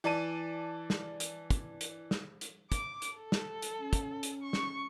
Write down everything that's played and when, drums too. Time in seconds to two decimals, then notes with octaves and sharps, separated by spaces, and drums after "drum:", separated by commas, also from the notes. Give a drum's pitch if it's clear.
0.04 E3 D5 A5 D#7
0.90 drum: snare
1.20 drum: hi-hat
1.50 drum: kick, hi-hat
1.81 drum: hi-hat
2.11 drum: snare
2.41 drum: hi-hat
2.72 D6, drum: kick, hi-hat
3.02 drum: hi-hat
3.17 A4
3.32 drum: snare
3.62 drum: hi-hat
3.79 C#4
3.93 drum: kick, hi-hat
4.23 drum: hi-hat
4.43 C#6
4.53 drum: snare